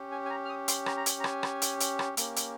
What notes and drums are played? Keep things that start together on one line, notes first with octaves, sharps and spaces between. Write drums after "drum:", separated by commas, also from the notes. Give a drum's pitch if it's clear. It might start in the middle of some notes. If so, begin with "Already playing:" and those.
Already playing: C#4 G4
G#5
G#5
A#5
F6
D#6
C6, drum: hi-hat
A#5, drum: rim click
A#5
G#5, drum: hi-hat
A#5
G#5, drum: rim click
drum: rim click
drum: hi-hat
drum: hi-hat
drum: rim click
A#3 C#4 G4, drum: hi-hat
drum: hi-hat